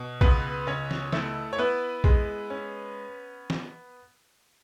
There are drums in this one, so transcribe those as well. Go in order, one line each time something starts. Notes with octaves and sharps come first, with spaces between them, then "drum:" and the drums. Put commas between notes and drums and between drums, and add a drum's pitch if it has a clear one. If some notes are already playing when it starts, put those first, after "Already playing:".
Already playing: B2
C#2 B3 B4, drum: kick A#1
C#2 C#4 C#5
drum: snare
A3 E4 A4, drum: snare
C#5
B3 E4 B4
G#3, drum: kick A#1
C#4
drum: snare